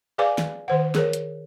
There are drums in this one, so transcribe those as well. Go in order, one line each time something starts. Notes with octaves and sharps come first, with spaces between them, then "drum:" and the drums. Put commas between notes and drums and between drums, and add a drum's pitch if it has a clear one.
G#4 B4 D5 F5 G#5 D6
drum: snare
D#3 C5 F#5
G#4 A#4 C#5, drum: snare
drum: hi-hat